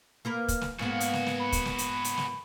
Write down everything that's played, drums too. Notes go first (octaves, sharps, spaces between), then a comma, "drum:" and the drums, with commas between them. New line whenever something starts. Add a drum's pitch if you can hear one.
A#3 A#4 B4
drum: kick, hi-hat
drum: snare
G#2 A#3 B3 F#4 G#4
drum: hi-hat
drum: snare
drum: snare
B5
drum: kick, hi-hat
drum: snare
drum: hi-hat
drum: hi-hat
drum: snare